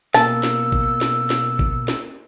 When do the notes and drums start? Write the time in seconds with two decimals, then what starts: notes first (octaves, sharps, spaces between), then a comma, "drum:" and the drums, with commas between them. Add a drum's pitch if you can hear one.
0.14 B2 A#3 A5 E6, drum: snare
0.43 drum: snare
0.72 drum: kick
1.01 drum: snare
1.30 drum: snare
1.59 drum: kick
1.88 drum: snare